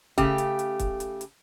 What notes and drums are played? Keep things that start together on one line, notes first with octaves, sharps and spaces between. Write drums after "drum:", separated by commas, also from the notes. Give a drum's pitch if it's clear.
C#3 A3 G4, drum: kick, hi-hat
drum: hi-hat
drum: hi-hat
drum: kick, hi-hat
drum: hi-hat
drum: hi-hat